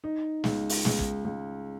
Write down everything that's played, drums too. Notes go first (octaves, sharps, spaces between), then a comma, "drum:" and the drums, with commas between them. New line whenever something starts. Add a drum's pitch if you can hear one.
D#4
C#2, drum: snare
drum: open hi-hat
C#2, drum: snare
drum: kick
C#2